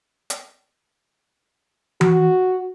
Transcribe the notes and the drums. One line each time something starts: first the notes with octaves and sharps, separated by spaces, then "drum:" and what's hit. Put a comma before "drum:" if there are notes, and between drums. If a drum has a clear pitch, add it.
drum: hi-hat
F#4, drum: tom E3